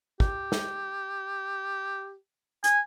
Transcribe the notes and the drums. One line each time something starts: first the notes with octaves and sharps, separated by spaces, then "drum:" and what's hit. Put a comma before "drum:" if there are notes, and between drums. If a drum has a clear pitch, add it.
G4, drum: kick
drum: snare
G#5, drum: hi-hat